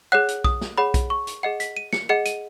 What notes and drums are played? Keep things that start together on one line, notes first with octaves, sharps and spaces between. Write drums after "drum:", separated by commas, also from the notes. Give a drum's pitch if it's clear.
G#4 C#5 F#5 F#6
drum: hi-hat
D#6, drum: kick B1
drum: snare
G#4 C#5 F#5 B5
drum: kick B1, hi-hat
C#6
drum: hi-hat
G#4 D#5 F#5 C#7
B6, drum: hi-hat
D#7
C#7, drum: snare
G#4 D#5 F#5 C#7
D#7, drum: hi-hat